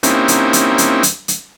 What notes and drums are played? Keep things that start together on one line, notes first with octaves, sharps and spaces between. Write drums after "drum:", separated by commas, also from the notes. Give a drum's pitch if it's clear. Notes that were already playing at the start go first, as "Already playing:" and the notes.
A#3 C4 C#4 D#4 E4 G4, drum: hi-hat
drum: hi-hat
drum: hi-hat
drum: hi-hat
drum: hi-hat
drum: hi-hat